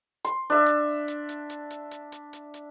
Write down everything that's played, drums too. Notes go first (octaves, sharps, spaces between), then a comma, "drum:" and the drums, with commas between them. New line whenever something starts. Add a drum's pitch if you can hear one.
C6, drum: hi-hat
D4 E5
drum: hi-hat
drum: hi-hat
drum: hi-hat
drum: hi-hat
drum: hi-hat
drum: hi-hat
drum: hi-hat
drum: hi-hat
drum: hi-hat